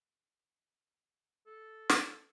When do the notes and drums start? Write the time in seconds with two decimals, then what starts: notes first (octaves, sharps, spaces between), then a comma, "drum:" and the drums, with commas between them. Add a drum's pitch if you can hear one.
1.47 A4
1.89 drum: snare